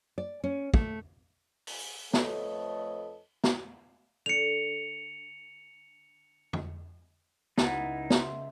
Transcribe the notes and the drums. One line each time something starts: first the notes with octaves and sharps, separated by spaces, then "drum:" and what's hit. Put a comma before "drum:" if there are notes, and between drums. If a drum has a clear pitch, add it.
D5
C#4
A3, drum: kick
drum: open hi-hat
F2 A3 A4 B4 C#5 D#5, drum: snare
drum: snare
D3 C#7 F7
drum: tom
C#2 D#4 E4 F#5 A6, drum: snare
E5 C6, drum: snare